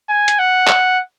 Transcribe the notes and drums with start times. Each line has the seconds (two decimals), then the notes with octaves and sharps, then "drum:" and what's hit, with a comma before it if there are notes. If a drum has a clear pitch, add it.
0.09 G#5
0.28 drum: hi-hat
0.39 F#5
0.68 drum: clap